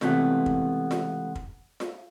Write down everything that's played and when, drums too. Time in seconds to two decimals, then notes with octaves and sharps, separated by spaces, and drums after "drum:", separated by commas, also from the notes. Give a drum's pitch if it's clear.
0.01 C#2 C3 E3 A3 B3, drum: snare F4
0.46 drum: kick
0.91 drum: snare F4
1.35 drum: kick
1.80 drum: snare F4